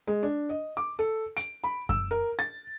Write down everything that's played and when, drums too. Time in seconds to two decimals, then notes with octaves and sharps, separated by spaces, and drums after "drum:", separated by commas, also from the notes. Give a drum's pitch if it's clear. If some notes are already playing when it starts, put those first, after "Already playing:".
0.07 G#3
0.23 D4
0.49 D#5
0.77 D6
0.99 A4
1.37 D7, drum: hi-hat
1.64 B5
1.89 E6, drum: kick F#2
2.11 A#4
2.39 A6